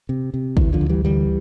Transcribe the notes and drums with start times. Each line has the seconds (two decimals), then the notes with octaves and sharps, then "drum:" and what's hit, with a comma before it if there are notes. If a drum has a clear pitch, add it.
0.09 C3
0.34 C3
0.57 D2 E3, drum: kick
0.73 D3 F3
0.81 D2
0.89 E3 G3
1.05 D3 E3 G3